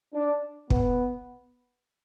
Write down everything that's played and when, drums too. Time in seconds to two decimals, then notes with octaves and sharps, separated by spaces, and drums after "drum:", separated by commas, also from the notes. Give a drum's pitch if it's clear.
0.14 D4
0.70 B3, drum: kick